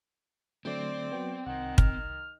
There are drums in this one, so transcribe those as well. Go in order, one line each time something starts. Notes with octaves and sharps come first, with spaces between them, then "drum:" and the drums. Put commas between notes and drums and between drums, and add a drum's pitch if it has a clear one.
D3 F#3 A3 C4 D5
F#3 B3 G5
C2 D#3 F#5
F6, drum: kick